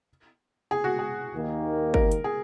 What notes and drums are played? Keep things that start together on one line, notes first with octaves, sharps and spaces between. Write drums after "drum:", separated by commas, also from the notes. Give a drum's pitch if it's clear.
G#4
F#4
G#4
D#2 D#3 A#3
A#4, drum: kick
drum: hi-hat
G#4